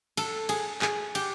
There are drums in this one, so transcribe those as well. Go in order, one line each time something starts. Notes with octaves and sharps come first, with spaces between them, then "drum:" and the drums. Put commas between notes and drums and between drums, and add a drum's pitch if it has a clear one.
A4, drum: cymbal
G#4, drum: cymbal
G#4, drum: clap
G4, drum: cymbal